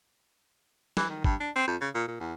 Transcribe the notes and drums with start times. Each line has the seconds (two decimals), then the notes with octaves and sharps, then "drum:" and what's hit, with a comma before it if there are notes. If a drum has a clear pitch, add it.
0.97 E3, drum: snare
1.09 D#3
1.24 G2, drum: kick
1.40 D4
1.56 C4
1.67 F2
1.81 C#3
1.95 A#2
2.08 A#2
2.20 E2